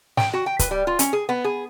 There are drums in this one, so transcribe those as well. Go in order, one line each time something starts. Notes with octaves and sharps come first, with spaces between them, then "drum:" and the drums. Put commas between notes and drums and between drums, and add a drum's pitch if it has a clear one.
G5, drum: snare
F#4
G5
B4, drum: kick, hi-hat
G3
F4
C#4, drum: hi-hat
G#4
B3
G#4